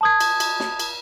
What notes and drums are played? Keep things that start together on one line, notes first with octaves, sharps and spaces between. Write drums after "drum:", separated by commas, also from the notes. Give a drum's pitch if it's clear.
A5 D#6 G#6
drum: cymbal
drum: cymbal
drum: snare
drum: cymbal